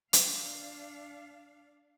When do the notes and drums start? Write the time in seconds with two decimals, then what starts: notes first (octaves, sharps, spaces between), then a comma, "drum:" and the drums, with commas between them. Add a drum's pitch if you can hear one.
0.13 D4 F5, drum: hi-hat